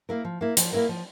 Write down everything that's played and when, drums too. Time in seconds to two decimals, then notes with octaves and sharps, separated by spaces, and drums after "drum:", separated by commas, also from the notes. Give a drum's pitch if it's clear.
0.09 A#3 E4 A#4
0.25 F3
0.41 A#3 E4 A#4
0.57 F3, drum: hi-hat
0.72 A#3 E4 A#4
0.89 F3